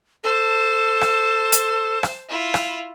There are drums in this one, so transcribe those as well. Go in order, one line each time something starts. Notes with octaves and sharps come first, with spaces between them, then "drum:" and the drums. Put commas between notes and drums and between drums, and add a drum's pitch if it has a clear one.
A4 C5 A5
drum: rim click
drum: hi-hat
drum: rim click
E4 F4
drum: rim click